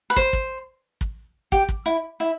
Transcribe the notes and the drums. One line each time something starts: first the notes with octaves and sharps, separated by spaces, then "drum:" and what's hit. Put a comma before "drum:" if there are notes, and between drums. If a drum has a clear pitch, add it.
B4
C5, drum: kick
drum: kick
drum: kick
G4, drum: kick
drum: kick
E4
E4